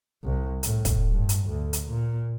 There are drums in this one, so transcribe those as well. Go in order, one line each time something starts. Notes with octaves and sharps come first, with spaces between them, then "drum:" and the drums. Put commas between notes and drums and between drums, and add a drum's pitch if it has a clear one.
C2
A2, drum: hi-hat
drum: kick, hi-hat
G2
drum: hi-hat
D2
drum: hi-hat
A#2